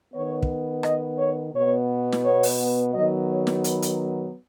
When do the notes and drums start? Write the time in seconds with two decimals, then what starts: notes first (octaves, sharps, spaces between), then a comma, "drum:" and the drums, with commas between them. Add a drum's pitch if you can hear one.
0.13 D#3 B3 C#5
0.43 drum: kick
0.83 D#5, drum: rim click
1.19 C#5
1.54 B2 B3 C#5
2.12 drum: snare
2.24 C#5
2.43 drum: open hi-hat
2.94 D#3 F#3 B3 D#5
3.29 C#5
3.47 drum: snare
3.64 B4, drum: hi-hat
3.82 drum: hi-hat